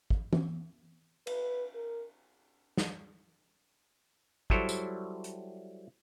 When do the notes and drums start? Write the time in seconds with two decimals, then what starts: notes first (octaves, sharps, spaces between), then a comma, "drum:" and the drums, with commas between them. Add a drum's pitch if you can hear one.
0.10 drum: kick
0.33 drum: tom
1.27 B4, drum: cymbal
1.75 A#4
2.77 drum: snare
4.50 F#3 G3 E4 A4 C5 C#5, drum: kick
4.69 drum: tambourine
5.24 drum: hi-hat